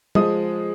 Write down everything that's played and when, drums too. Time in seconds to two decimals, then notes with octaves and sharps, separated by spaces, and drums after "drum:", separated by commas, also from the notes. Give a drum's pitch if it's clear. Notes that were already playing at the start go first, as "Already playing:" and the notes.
0.15 F3 G#3 D#6, drum: tom